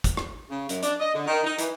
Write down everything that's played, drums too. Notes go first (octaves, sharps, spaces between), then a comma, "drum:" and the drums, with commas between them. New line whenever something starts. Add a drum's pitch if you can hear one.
drum: kick, hi-hat
drum: rim click
C#3
F#2, drum: hi-hat
D4, drum: hi-hat
D#5
D3
D#3
D#4
E3, drum: hi-hat